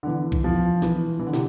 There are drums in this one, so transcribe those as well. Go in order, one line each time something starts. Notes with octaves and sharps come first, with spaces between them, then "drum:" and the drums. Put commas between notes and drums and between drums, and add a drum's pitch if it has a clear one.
D3
E3
drum: kick B1, hi-hat
F3
E3, drum: snare
E3
D3
C3, drum: snare